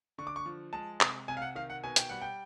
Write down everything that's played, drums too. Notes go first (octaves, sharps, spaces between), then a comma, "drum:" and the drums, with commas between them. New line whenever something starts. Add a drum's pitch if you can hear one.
D3 C#6
D6
C#6
F3
G#3 A5
C3, drum: clap
C3 G#5
F5
F#5
D#3 F5
F#5
B2 G#5
G5, drum: hi-hat
G3 F#5
G5